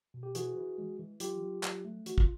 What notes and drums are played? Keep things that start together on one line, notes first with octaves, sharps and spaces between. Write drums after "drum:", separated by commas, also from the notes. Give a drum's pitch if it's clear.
B2
G4
E3 F#4 G#4, drum: hi-hat
E3
G#3
E3
F#3 F4 G4, drum: hi-hat
F#3
F#3, drum: clap
A3
E3 F#4, drum: hi-hat
F4, drum: kick